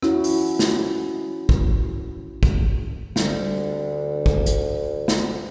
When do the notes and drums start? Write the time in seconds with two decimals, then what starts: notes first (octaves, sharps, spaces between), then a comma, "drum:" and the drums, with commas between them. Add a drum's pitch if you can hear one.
0.03 C#4 E4 F#4, drum: rim click
0.24 drum: open hi-hat
0.59 drum: snare
1.49 drum: kick
2.43 drum: kick
3.16 D2 D3 G3 C4, drum: snare
4.26 drum: kick
4.46 drum: hi-hat
5.08 drum: snare